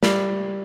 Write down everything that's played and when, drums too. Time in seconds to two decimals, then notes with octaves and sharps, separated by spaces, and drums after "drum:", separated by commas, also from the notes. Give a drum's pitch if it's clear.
0.03 G3, drum: snare